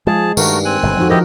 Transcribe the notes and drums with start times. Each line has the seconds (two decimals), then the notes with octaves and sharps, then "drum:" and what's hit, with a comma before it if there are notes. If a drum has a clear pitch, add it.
0.07 F3 G#3 G#4 A5
0.37 G2 D#3 A3 F#4 A#4, drum: tambourine
0.65 C4 G#5 F#6
0.83 G1 G2 B2
0.98 F2 F3 D#4 F#4
1.10 F3 E4 G4 A#4 D#5